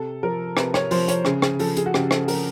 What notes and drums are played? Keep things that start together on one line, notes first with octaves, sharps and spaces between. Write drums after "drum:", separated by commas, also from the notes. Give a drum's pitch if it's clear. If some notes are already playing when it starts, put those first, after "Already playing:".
Already playing: C3 A4
F3 A#4
C3 B4, drum: rim click
C#5, drum: rim click
F3 C5, drum: open hi-hat
C#5, drum: hi-hat
C#3 G#4, drum: rim click
G#4, drum: rim click
F3 A4, drum: open hi-hat
G#4, drum: hi-hat
F#4
C#3 G4, drum: rim click
A4, drum: rim click
F3 A#4, drum: open hi-hat